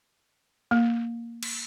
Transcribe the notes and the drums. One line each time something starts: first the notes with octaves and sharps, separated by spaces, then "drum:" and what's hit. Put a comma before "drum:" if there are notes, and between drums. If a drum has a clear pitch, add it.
A#3
drum: cymbal